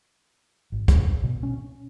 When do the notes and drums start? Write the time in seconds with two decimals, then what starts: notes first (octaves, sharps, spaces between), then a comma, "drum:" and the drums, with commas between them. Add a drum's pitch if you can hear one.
0.72 G#1
0.88 drum: kick, hi-hat
1.23 B2
1.43 C#4